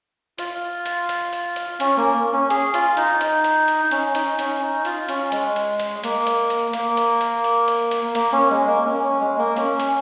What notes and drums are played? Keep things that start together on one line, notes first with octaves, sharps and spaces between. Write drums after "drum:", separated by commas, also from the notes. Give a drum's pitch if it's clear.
F4, drum: hi-hat
drum: hi-hat
drum: hi-hat
drum: hi-hat
drum: hi-hat
C#4, drum: hi-hat
A#3
C#4
G#4, drum: hi-hat
F4, drum: hi-hat
D#4, drum: hi-hat
drum: hi-hat
drum: hi-hat
drum: hi-hat
C#4, drum: hi-hat
D#4, drum: hi-hat
C#4, drum: hi-hat
D#4
F4, drum: hi-hat
C#4, drum: hi-hat
G#3, drum: hi-hat
drum: hi-hat
drum: hi-hat
A#3, drum: hi-hat
drum: hi-hat
drum: hi-hat
A#3, drum: hi-hat
drum: hi-hat
drum: hi-hat
drum: hi-hat
drum: hi-hat
drum: hi-hat
A#3, drum: hi-hat
C#4
G#3
A#3
C#4
C#4
G#3
A#3
C#4, drum: hi-hat
drum: hi-hat